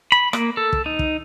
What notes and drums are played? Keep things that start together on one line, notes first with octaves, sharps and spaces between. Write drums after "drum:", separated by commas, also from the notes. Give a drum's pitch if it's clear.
B5
A#3, drum: rim click
A4
drum: kick
D#4
drum: kick